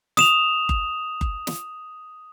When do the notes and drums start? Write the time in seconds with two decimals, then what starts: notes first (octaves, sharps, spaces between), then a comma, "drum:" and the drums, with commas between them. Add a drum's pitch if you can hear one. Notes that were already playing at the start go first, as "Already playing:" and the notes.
0.17 D#6 E7 F7, drum: snare
0.69 drum: kick F#1
1.21 drum: kick F#1
1.47 drum: snare